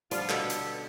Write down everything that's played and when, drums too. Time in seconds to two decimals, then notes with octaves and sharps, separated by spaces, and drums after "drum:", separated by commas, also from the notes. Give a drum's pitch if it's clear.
0.11 D3 F3 G3 F4, drum: hi-hat
0.30 B2 B3 A4, drum: clap
0.50 drum: hi-hat